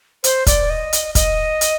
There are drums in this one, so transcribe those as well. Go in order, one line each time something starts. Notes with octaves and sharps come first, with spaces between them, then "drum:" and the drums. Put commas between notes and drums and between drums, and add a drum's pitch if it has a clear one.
C5, drum: hi-hat
D5, drum: kick, hi-hat
D#5
drum: hi-hat
D#5, drum: kick, hi-hat
drum: hi-hat